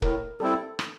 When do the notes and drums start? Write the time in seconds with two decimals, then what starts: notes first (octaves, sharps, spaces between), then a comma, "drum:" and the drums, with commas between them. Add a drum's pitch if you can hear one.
0.02 A2 A#4, drum: kick
0.40 G3 C4 E4 A4
0.79 drum: rim click